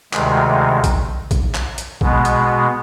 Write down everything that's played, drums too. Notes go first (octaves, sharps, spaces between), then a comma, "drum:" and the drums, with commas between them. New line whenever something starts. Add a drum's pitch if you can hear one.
D2 C3 D#3 G#3, drum: clap
drum: kick A#1, hi-hat
drum: kick A#1, hi-hat
drum: clap
drum: hi-hat
B2 G#3 B3, drum: kick A#1
drum: hi-hat